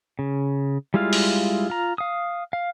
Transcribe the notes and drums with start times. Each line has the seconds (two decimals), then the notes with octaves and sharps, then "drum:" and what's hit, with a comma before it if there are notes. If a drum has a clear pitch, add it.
0.19 C#3
0.94 G3 G#3 E4 F4 F5
1.13 drum: open hi-hat
1.70 F4 A#5
1.98 F5 D#6
2.53 F5